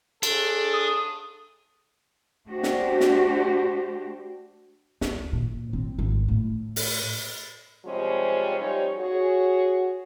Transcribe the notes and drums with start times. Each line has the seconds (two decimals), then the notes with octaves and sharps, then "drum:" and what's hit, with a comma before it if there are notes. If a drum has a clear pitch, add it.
0.23 D4 G#4 A4, drum: cymbal
0.73 D#6
2.47 A3 D4 F#4 G4 C5
2.63 drum: snare
3.00 drum: snare
5.01 D2, drum: snare
5.33 A#2
5.73 C4
5.99 G#1
6.28 A2
6.76 drum: open hi-hat
7.85 C3 F3 G3 G#3 C4 C#4
8.58 F3 G3 C#4 D#4 C#5
8.98 F#4 G#4 C#5